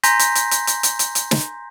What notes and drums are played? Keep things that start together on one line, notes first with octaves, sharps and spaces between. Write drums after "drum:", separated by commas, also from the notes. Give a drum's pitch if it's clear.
G#5 A#5 C6 G6 A#6 B6, drum: hi-hat
drum: hi-hat
drum: hi-hat
drum: hi-hat
drum: hi-hat
drum: hi-hat
drum: hi-hat
drum: hi-hat
drum: snare